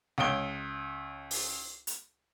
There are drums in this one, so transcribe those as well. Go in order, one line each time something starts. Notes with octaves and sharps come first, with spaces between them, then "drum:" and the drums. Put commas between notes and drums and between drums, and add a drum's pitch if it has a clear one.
C#2 C#5 D#6 D7 G7
drum: open hi-hat
drum: hi-hat